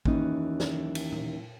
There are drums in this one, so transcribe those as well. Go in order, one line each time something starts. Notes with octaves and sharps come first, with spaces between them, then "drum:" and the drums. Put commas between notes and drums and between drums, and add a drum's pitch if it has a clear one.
D#2 E3 C#4 D#4, drum: kick
drum: snare
drum: cymbal
drum: tom A#2